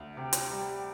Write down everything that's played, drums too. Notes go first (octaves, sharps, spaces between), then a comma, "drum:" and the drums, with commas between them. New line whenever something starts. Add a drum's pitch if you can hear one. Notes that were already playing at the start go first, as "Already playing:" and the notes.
Already playing: D2
E5
C3 G5
drum: hi-hat
G3